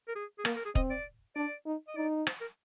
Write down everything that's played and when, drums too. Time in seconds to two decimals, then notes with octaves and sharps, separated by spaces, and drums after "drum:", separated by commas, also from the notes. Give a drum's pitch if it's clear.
0.08 A#4
0.16 G#4
0.39 G#4
0.45 A#3 A#4, drum: rim click
0.56 A#4
0.65 G#4
0.75 C4 D#5, drum: kick
0.91 D5
1.36 D4 D5
1.66 D#4
1.88 D#5
1.97 D#4 D5
2.27 C5, drum: rim click
2.41 A#4